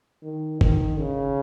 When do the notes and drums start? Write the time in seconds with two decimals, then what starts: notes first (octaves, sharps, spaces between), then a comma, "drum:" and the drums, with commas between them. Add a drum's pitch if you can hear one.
0.23 D#3
0.61 D#3, drum: kick
0.99 C#3